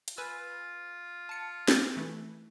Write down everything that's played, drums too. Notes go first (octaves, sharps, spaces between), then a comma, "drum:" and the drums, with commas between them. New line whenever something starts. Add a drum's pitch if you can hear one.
drum: hi-hat
F4 B4 G#5 E6
A5 C#7
drum: snare
E3 A3